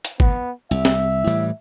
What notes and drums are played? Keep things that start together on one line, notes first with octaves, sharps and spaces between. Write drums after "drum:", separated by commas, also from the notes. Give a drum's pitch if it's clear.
drum: hi-hat
B3, drum: kick G1
C2 E5
drum: snare
A2 E3 G3